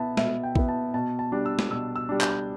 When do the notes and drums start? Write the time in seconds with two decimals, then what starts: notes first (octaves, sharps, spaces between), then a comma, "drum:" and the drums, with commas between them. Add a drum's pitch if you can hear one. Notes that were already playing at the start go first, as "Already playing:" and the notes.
Already playing: B2 B3 E4 A5
0.17 B2 E5, drum: snare
0.43 G5
0.56 B3 E4, drum: kick
0.68 A5
0.94 B2 A5
1.19 A5
1.32 G3 D4
1.46 E6
1.59 drum: snare
1.71 B2 E6
1.96 E6
2.09 G3 D4
2.21 G6, drum: clap